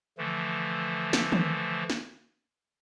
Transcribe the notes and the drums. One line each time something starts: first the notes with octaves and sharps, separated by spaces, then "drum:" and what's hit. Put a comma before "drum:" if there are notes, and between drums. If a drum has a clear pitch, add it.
D3 E3 F3 A3
drum: snare
drum: tom D#3
drum: snare